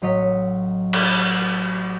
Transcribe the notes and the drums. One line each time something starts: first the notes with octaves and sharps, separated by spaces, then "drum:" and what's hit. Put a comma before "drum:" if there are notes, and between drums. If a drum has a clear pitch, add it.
A1 F#3 C#5 D#5 B6
drum: cymbal